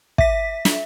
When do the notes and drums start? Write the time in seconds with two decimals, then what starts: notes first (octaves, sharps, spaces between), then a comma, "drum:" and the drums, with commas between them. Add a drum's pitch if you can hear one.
0.18 E5 B6, drum: kick
0.65 drum: snare